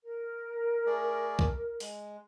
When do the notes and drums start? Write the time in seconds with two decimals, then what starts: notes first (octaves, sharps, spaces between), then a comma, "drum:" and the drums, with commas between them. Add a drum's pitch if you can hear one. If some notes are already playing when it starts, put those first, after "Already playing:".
0.03 A#4
0.86 A3 G#4 D5
1.39 drum: kick B1
1.80 G#3, drum: open hi-hat